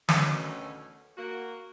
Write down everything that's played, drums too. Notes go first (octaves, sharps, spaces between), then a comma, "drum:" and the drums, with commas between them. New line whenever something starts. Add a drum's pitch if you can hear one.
D2 B2 D#3 A3 C#4, drum: snare
A#3 F#4